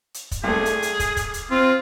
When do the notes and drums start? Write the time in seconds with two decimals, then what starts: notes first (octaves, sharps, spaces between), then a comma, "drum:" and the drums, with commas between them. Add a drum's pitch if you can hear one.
0.14 drum: hi-hat
0.31 drum: kick, hi-hat
0.44 C2 A3 G#4
0.65 drum: hi-hat
0.83 drum: hi-hat
1.00 drum: kick, hi-hat
1.17 drum: kick, hi-hat
1.34 drum: hi-hat
1.51 C4 F4